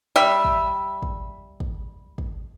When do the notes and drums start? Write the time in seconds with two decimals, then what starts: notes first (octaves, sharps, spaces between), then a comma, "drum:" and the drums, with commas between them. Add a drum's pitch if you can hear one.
0.16 G3 E5
0.45 drum: kick
1.02 drum: kick
1.60 drum: kick
2.18 drum: kick